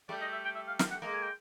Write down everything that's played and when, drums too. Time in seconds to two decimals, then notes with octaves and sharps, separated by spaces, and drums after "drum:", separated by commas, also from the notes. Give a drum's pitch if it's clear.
0.09 G3 A3 D5
0.21 D#5
0.32 E5
0.44 G5
0.55 E5
0.68 F5
0.79 F5, drum: snare
0.91 F#5
1.02 G#3 A#3
1.13 G#5
1.23 G5